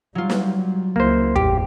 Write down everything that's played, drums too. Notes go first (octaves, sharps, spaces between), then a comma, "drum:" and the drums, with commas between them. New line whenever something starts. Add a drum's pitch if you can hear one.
F#3 G3 F4
drum: snare
C#2 A#3 E4 C5
E2 A2 G4, drum: kick